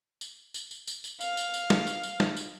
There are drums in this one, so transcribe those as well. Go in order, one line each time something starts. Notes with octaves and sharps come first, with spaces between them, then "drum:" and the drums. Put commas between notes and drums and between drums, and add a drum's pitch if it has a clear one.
drum: tambourine
drum: tambourine
drum: tambourine
drum: tambourine
drum: tambourine
F5, drum: tambourine
drum: tambourine
drum: tambourine
drum: snare
drum: tambourine
drum: tambourine
drum: snare
drum: tambourine